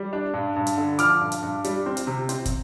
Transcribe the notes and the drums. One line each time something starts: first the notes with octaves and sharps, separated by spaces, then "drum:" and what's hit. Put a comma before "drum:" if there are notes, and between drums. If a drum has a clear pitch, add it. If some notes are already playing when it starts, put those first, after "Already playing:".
Already playing: G3
D4
G2
G2
drum: hi-hat
D3
F3 D6 F6, drum: hi-hat
G2
drum: hi-hat
G2
G3, drum: hi-hat
C4
drum: hi-hat
C3
C4, drum: hi-hat
drum: kick, hi-hat